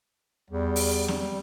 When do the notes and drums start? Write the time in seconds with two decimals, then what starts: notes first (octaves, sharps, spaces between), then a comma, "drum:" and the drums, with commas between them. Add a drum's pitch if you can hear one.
0.50 E2 G3
0.76 drum: open hi-hat
1.08 drum: snare C4